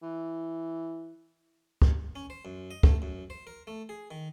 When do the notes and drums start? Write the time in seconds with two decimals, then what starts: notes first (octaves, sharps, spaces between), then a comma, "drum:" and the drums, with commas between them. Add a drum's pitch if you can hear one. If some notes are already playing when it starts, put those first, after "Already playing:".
0.03 E3
1.82 drum: kick
2.16 C#4
2.30 C5
2.45 F#2
2.71 D#5
2.83 A3, drum: kick
3.02 F#2
3.30 C5
3.47 A#4
3.67 A3
3.89 G#4
4.11 D#3